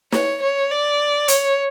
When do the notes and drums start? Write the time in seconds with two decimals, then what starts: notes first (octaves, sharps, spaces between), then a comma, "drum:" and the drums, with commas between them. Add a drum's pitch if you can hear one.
0.12 C#5, drum: snare
0.42 C#5
0.71 D5
1.28 C#5, drum: hi-hat